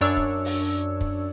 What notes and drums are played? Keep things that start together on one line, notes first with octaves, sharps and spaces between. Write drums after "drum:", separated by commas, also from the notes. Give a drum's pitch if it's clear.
F#2 D4 C#5 D5 E6
drum: kick
drum: open hi-hat
drum: kick